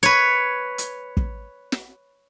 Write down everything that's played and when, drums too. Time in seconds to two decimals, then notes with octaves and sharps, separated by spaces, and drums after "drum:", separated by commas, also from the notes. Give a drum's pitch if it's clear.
0.03 B4 C#5
0.78 drum: hi-hat
1.17 drum: kick
1.72 drum: snare